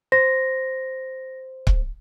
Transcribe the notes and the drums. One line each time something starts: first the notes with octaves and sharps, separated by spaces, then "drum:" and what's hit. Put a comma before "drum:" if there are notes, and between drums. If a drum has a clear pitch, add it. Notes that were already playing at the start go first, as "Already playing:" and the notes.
C5 A#6
drum: kick C#1